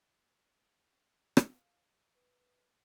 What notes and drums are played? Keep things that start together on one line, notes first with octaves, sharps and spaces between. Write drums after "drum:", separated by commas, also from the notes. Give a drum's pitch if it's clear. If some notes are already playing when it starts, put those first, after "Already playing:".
F5, drum: rim click
B4